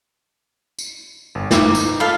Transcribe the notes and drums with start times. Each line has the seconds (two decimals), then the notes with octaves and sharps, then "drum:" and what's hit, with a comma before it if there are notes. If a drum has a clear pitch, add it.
0.79 drum: tambourine
1.35 G1
1.51 D#4 D6, drum: snare
1.75 drum: tambourine
2.00 F4 A4 F5 B5